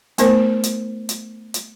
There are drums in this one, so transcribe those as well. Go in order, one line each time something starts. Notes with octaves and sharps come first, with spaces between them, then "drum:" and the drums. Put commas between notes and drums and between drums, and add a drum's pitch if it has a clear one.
A3 B3 D#4 A#4 C5, drum: hi-hat
drum: hi-hat
drum: hi-hat
drum: hi-hat